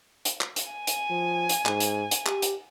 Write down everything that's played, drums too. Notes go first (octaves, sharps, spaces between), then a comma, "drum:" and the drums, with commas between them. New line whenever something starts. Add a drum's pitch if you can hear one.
drum: hi-hat
drum: clap
drum: hi-hat
G#5
drum: hi-hat
F3
drum: hi-hat
G#2, drum: clap
drum: hi-hat
drum: hi-hat
G4, drum: clap
drum: hi-hat